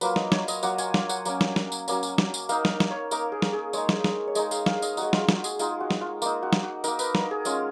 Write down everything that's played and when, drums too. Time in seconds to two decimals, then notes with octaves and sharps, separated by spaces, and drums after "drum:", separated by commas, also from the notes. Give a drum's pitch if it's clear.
0.01 F#3 A#3 F4 B4, drum: tambourine
0.16 D#5, drum: snare
0.32 C#5, drum: snare
0.48 D#5, drum: tambourine
0.63 F#3 A#3 F4 F#5, drum: tambourine
0.78 G#5, drum: tambourine
0.94 G#5, drum: snare
1.09 F#5, drum: tambourine
1.25 F#3 A#3 C#4, drum: tambourine
1.41 drum: snare
1.56 drum: snare
1.72 drum: tambourine
1.88 F#3 A#3 C#4, drum: tambourine
2.03 drum: tambourine
2.18 drum: snare
2.34 drum: tambourine
2.49 A#3 D#4 F5, drum: tambourine
2.65 drum: snare
2.80 drum: snare
2.90 C#5
3.11 A#3 D#4 A#4, drum: tambourine
3.32 G#4
3.42 drum: snare
3.53 G#4
3.73 G#3 D#4 C#5, drum: tambourine
3.89 drum: snare
4.04 drum: snare
4.27 C#5
4.35 G#3 D#4 D#5, drum: tambourine
4.51 F5, drum: tambourine
4.66 F5, drum: snare
4.82 D#5, drum: tambourine
4.97 G#3 D#4 F#4, drum: tambourine
5.13 F4, drum: snare
5.29 F#4, drum: snare
5.44 G#4, drum: tambourine
5.59 G#3 D#4 F4, drum: tambourine
5.80 F#4
5.91 drum: snare
6.01 F4
6.22 A#3 D#4 F4, drum: tambourine
6.43 F#4
6.53 drum: snare
6.63 F#4
6.84 A#3 D#4 A#4, drum: tambourine
6.99 B4, drum: tambourine
7.15 A#4, drum: snare
7.31 G#4
7.45 G#3 C#4 F4, drum: tambourine